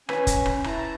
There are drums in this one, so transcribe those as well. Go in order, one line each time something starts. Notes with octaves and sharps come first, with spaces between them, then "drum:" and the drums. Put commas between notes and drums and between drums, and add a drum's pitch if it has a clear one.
C#4 B4 G#5, drum: rim click
drum: kick F1, hi-hat
drum: rim click
E4 A5 A#5, drum: rim click